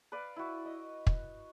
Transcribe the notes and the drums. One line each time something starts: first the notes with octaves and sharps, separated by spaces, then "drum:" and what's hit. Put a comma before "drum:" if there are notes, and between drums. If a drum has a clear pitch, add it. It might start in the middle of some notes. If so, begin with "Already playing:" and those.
B4 D5 F5
E4 F#4
D#5
drum: kick